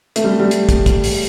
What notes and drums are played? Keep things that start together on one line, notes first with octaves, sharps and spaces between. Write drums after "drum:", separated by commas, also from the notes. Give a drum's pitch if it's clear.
A3, drum: hi-hat
G3
G3
drum: hi-hat
drum: kick, hi-hat
drum: kick, hi-hat
drum: open hi-hat